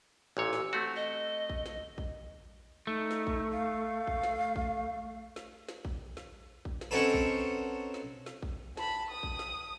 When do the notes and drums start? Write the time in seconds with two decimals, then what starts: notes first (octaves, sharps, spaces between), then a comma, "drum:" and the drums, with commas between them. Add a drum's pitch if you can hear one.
0.37 A1 A#2 C#5 E6
0.53 drum: snare
0.73 A3 C4 F#4
0.95 D#5
1.50 drum: kick A#1
1.66 drum: snare
1.98 drum: kick A#1
2.87 A3 D#4
3.11 drum: snare
3.27 drum: kick A#1
3.52 F5
4.07 drum: kick A#1
4.23 drum: snare
4.56 drum: kick A#1
5.36 drum: snare
5.69 drum: snare
5.85 drum: kick A#1
6.17 drum: snare
6.65 drum: kick A#1
6.81 drum: snare
6.91 C4 C#4 D#4 F#4 A4 B4
7.14 drum: kick A#1
7.94 drum: snare
8.26 drum: snare
8.43 drum: kick A#1
8.77 A5 B5, drum: snare
9.10 D#6
9.23 drum: kick A#1
9.39 drum: snare